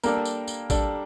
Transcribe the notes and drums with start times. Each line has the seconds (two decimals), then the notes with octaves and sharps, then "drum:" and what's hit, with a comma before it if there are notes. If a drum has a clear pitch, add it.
0.03 G3 A#3 D4 A4 A#4 D5, drum: tambourine
0.25 drum: tambourine
0.48 drum: tambourine
0.70 G3 D4 A4 D5, drum: kick, tambourine